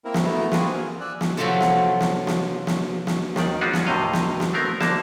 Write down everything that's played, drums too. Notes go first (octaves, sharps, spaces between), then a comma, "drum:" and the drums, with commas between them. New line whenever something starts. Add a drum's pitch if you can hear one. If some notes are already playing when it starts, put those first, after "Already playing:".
A#3 C4 E4 A#4
drum: snare
A3 B3 E4 A#5
A#3 C4 F4 F#4 G#4 G#5, drum: snare
F6
D5 G#5 E6 F#6
drum: snare
C3 F3 F#3 A3 F4 A4
drum: snare
drum: snare
drum: snare
drum: snare
drum: snare
D#2 D#3 D5, drum: snare
G3 G#3 C#4 D4 F4 F#4
drum: snare
D#2 A2 C3 G3 D#5 F5
drum: snare
drum: snare
A3 B3 C4 A#4
C2 D3 A#3 A5, drum: snare